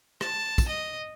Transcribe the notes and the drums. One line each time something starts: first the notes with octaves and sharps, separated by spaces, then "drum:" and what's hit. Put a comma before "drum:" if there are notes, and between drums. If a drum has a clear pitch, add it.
A5, drum: rim click
drum: kick, tambourine
D#5